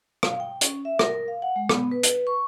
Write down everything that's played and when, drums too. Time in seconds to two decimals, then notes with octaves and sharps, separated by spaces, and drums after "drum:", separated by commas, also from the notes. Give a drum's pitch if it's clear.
0.23 F5, drum: rim click
0.40 G5
0.61 C#4, drum: hi-hat
0.85 E5
0.99 A#4, drum: rim click
1.28 F5
1.42 F#5
1.56 G#3
1.69 B3, drum: rim click
1.92 B4
2.03 B4, drum: hi-hat
2.27 C#6